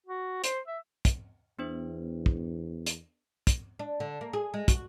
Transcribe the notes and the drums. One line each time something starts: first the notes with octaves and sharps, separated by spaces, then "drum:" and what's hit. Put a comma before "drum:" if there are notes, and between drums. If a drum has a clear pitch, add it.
F#4
C5, drum: hi-hat
E5
drum: kick, hi-hat
E2 B3 D4 C5
drum: kick
drum: hi-hat
drum: kick, hi-hat
D4
D3
A#3
G#4
G#3
F#4, drum: kick, hi-hat